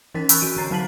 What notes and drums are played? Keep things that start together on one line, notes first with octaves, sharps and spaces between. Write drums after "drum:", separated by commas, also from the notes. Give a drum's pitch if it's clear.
E3 C#4 D#4 A#4 A6 B6
G#5 B5 C#6 E6 F#6 G6, drum: hi-hat
D#3 F#4 D7 D#7
D3 E3 A#5 A6 C7
F#3 C4 A5 B6 F#7